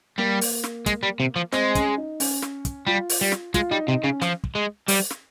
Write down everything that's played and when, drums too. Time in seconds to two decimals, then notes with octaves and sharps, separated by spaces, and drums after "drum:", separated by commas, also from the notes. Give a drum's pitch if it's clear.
0.18 G3 A#3
0.41 drum: open hi-hat
0.64 drum: snare
0.86 G#3, drum: kick, hi-hat
1.03 G3
1.20 C3
1.36 F3
1.52 G#3 C4, drum: snare
1.75 C#4, drum: kick, hi-hat
1.98 D#4
2.20 C#4, drum: open hi-hat
2.42 drum: snare
2.65 drum: kick, hi-hat
2.87 G3 F4
3.09 drum: open hi-hat
3.21 G3
3.32 drum: snare
3.54 G#3 F4, drum: kick, hi-hat
3.71 G3 D#4
3.88 C3 D#4
4.04 C#3 C#4
4.22 F3, drum: snare
4.44 drum: kick
4.55 G#3
4.88 G3, drum: open hi-hat
5.11 drum: snare